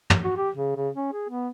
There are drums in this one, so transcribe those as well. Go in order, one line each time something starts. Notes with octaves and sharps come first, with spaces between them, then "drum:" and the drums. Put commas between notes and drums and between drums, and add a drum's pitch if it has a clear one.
drum: tom
F#4
G4
C#3
C#3
C#4
G#4
B3